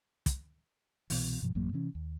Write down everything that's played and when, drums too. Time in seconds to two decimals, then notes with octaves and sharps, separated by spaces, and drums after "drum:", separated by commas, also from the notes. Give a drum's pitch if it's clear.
0.26 drum: kick, hi-hat
1.10 C2 B2 E3, drum: open hi-hat
1.42 G2 B2 F3
1.55 A1 F#2 F#3 A#3
1.73 C3 E3 C#4
1.95 D#2